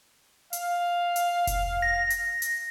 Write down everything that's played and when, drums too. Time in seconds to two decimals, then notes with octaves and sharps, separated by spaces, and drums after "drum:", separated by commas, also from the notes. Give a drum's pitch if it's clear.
0.53 F5, drum: hi-hat
1.16 drum: hi-hat
1.47 drum: kick F1, hi-hat
1.82 A#6
2.10 drum: hi-hat
2.42 drum: hi-hat